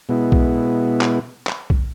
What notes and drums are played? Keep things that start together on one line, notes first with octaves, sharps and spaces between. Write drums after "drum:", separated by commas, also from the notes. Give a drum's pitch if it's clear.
B2 G#3 B3 E4
drum: kick B1
drum: clap
drum: clap
drum: kick B1